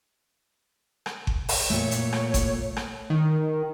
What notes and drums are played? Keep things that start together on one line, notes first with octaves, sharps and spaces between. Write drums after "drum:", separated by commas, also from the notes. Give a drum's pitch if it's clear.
drum: rim click
drum: kick G1
drum: open hi-hat
A#2 A3 C#5
drum: hi-hat
drum: rim click
drum: kick G1, hi-hat
drum: rim click
D#3